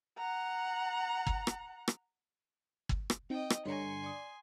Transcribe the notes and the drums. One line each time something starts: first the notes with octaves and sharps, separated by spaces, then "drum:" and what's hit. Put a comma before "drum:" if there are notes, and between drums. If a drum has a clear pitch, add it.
F#5 A#5
drum: kick
drum: rim click
drum: rim click
drum: kick
drum: rim click
C4 D#4 D#5 G5
drum: rim click
G2 D3 C#5 G#5 A#5 C6 C#7
D5 D#6